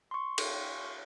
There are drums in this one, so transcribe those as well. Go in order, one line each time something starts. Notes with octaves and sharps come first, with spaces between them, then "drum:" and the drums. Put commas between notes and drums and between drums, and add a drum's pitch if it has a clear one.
C6 C#6
drum: cymbal